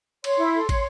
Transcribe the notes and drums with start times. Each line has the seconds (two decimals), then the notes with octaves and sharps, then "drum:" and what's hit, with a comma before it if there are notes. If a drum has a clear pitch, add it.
0.24 C#5 C6, drum: cymbal
0.38 E4
0.54 A4
0.69 C#5, drum: kick, cymbal